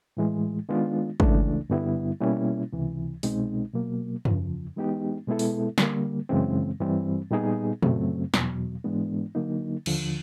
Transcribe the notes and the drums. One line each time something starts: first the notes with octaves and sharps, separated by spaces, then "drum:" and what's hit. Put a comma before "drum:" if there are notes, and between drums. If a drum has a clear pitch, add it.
A2 E3 G#3
D#3 G#3 B3 D4 F4
C#2 C#3 E3 A3 D4, drum: kick
G2 D3 G3 B3 E4
B2 G3 A#3 C#4 E4
C#2 C3 E3
C2 B2 G#3 C4 D#4, drum: open hi-hat
B2 F#3 A#3
E2 C#3 F3, drum: tom F#2
E3 G#3 B3 D#4 G4
B2 G#3 B3 E4 A4
drum: open hi-hat
D3 G3 A#3, drum: snare
F#2 C#3 E3 G#3 C4
G2 E3 G3 C4
A#2 G3 B3 D#4 G#4
F#2 C#3 F#3 A3 C4, drum: tom A#2
E2 B2 F#3, drum: snare
G#2 E3 G#3 B3 D4
D3 F#3 A#3 D#4
D#2 D3 F3, drum: cymbal